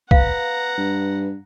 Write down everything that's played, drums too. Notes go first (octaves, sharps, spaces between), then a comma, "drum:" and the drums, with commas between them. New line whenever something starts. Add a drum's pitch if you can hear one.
B4 F5 F#5 A#5, drum: kick
G2